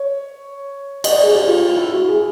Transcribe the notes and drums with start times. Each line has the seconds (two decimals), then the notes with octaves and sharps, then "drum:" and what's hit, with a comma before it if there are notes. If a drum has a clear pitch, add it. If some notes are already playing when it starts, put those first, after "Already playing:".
Already playing: C#5
1.04 D#5, drum: cymbal
1.11 D5
1.23 G#4
1.35 G4
1.48 F4
1.77 E4
1.93 F#4
2.09 G#4